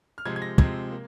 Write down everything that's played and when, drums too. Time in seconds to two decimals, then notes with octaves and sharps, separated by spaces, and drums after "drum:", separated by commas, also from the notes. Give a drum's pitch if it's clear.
0.18 F6
0.25 C3 F3 G#3 C4 G#6
0.36 G#6
0.42 A#6
0.58 C3 F3 G#3 C4 G#6, drum: kick
0.91 A#3